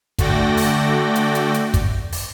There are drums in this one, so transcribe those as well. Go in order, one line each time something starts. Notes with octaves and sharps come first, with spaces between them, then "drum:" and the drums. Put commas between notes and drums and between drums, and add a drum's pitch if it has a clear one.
D3 A3 F#4 D5 G5 A#6, drum: kick, hi-hat
drum: open hi-hat
drum: hi-hat
drum: hi-hat
drum: hi-hat
drum: kick, hi-hat
drum: open hi-hat